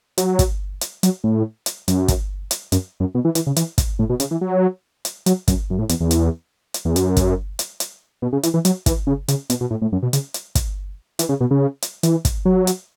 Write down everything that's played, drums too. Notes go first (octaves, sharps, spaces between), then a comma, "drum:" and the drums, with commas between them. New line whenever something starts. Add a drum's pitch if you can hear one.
F#3, drum: hi-hat
drum: kick, hi-hat
drum: hi-hat
F#3, drum: hi-hat
A2
drum: hi-hat
F#2, drum: hi-hat
drum: kick, hi-hat
drum: hi-hat
F#2, drum: hi-hat
F#2
B2
E3
E3, drum: hi-hat
C#3
E3, drum: hi-hat
drum: kick, hi-hat
A2
B2
C#3, drum: hi-hat
E3
F#3
drum: hi-hat
F#3, drum: hi-hat
F#2, drum: kick, hi-hat
F#2
A2
E2, drum: hi-hat
E2
drum: hi-hat
drum: hi-hat
E2
F#2, drum: hi-hat
drum: kick, hi-hat
drum: hi-hat
drum: hi-hat
B2
C#3
E3, drum: hi-hat
E3
F#3, drum: hi-hat
E3, drum: kick, hi-hat
C#3
C#3, drum: hi-hat
B2, drum: hi-hat
B2
A2
A2
F#2
B2
C#3, drum: hi-hat
drum: hi-hat
drum: kick, hi-hat
E3, drum: hi-hat
C#3
B2
C#3
drum: hi-hat
E3, drum: hi-hat
drum: kick, hi-hat
F#3
drum: hi-hat